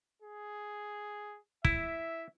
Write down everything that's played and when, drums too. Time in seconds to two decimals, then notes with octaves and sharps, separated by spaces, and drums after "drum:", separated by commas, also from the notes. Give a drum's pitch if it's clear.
0.22 G#4
1.65 E4 E5, drum: kick